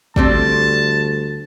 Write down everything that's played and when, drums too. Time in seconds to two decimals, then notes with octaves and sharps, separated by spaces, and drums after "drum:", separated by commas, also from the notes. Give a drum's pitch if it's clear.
0.16 D2 G3 A3 C4 A5, drum: kick